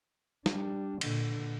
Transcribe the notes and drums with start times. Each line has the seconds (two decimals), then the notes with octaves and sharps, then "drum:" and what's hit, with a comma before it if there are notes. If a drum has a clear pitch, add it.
0.46 G3 D4, drum: snare
1.01 A#2 D3, drum: cymbal